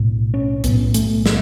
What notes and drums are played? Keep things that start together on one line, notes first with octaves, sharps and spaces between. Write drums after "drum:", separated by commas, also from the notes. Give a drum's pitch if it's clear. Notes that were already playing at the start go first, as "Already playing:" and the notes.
Already playing: B1 A2
C#4
B1 A2 B3, drum: hi-hat
A3, drum: hi-hat
A3, drum: snare